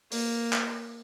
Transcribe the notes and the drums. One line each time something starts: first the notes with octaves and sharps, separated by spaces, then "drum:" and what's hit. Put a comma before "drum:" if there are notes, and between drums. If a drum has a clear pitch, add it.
A#3, drum: open hi-hat
drum: clap